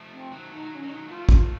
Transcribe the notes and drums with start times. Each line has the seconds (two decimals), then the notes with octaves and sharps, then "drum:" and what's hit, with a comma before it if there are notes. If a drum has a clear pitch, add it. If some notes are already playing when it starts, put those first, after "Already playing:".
Already playing: F3 A3
0.12 C4
0.32 D#3 F#3
0.46 A3 D#4
0.57 D#3 F#3
0.70 D#4
0.75 C#4
0.83 D#3 F#3
0.90 D#4
1.09 F3 A3 F4
1.29 F4, drum: kick